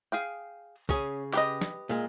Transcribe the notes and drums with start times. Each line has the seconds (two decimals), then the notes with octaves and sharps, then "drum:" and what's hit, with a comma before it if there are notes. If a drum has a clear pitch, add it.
0.12 G#4 F5 G5
0.89 C#3 C#4 G#4, drum: kick
1.33 G4 B4 D#5, drum: clap
1.61 drum: snare
1.89 A#2 G#3